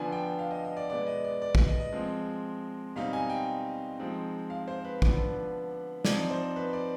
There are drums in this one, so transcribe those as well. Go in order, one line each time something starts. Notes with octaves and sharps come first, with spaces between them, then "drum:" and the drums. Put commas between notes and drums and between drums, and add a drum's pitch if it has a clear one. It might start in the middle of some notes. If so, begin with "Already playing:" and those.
Already playing: D3 F3 B3 D4 G#5
G5
F5
D#5
D#5
D5
B2 G#3 B3 D5
D#5
D5
D5
D5, drum: kick
D#5
D#5
F3 G#3 C4
B2 G3 C4 D#4 F5
G#5
G5
F3 G#3 C4 D#4
F5
C5
B4
D3 F3 B3 D4, drum: kick
F3 C4 D#4 D5, drum: snare
C5
B4
D5